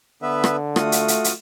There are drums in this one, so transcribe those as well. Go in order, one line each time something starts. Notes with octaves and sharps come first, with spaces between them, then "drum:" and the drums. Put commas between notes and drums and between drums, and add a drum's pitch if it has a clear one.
D3 B3 B4 E5
drum: rim click
A3 F4 F#4 D#6, drum: rim click
drum: hi-hat
drum: hi-hat
drum: hi-hat